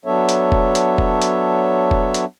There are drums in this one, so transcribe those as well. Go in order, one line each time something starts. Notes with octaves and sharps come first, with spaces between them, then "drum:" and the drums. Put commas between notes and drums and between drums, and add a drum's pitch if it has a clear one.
F#3 B3 D4 A4 C#5 E5
drum: hi-hat
drum: kick F1
drum: hi-hat
drum: kick F1
drum: hi-hat
drum: kick F1
drum: hi-hat